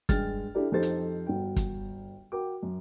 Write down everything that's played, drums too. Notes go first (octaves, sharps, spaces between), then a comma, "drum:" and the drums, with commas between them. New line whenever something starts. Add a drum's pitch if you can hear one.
G2 G#3 G5 F6 A6, drum: kick, hi-hat
D4 E4 G4 A4 D5
F2 D#4 G4 A4 C5 A6
drum: hi-hat
G1 F#4 G5
drum: kick, hi-hat
F#4 A#4 G5 D6
F#2